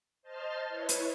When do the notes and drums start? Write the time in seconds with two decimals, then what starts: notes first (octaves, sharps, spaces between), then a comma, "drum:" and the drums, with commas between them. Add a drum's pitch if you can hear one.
0.22 C5 D#5 A5 C6 F6
0.68 E4 B4 C#5
0.89 drum: hi-hat